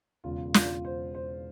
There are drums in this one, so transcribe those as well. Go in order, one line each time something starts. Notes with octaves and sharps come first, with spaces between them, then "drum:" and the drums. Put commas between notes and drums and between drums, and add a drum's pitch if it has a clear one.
E1 E2 C#3 F4
F4, drum: snare
C5
C5